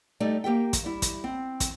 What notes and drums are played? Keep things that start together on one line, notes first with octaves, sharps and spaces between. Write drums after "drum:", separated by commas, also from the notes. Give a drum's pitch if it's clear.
G3 A3 D#4 D5
A#3 G4 E5 G5
drum: kick, hi-hat
G3 E4
drum: kick, hi-hat
C4
drum: kick, hi-hat